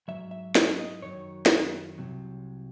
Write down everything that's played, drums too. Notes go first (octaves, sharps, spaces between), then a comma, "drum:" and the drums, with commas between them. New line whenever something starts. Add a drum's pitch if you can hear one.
G#2 F#3 E5
E5
D#5, drum: snare
D#5
F#2 D#3 F#3 C#5
drum: snare
C2 C3 F#3